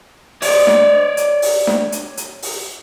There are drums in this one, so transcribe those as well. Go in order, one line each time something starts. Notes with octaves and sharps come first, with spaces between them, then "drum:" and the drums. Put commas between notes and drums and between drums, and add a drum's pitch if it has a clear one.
C#5 D5, drum: open hi-hat
drum: snare D4
drum: hi-hat
drum: open hi-hat
drum: snare D4
drum: hi-hat
drum: hi-hat
drum: open hi-hat